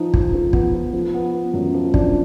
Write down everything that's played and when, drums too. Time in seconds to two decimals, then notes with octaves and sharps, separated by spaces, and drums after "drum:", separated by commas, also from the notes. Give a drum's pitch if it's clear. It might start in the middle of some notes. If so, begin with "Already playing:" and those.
Already playing: F3 D#4
0.14 D#4, drum: kick
0.34 F3
0.53 B3, drum: kick
0.74 F3
0.93 F3
1.14 B3
1.34 B3
1.54 F#2
1.74 F3
1.94 D4, drum: kick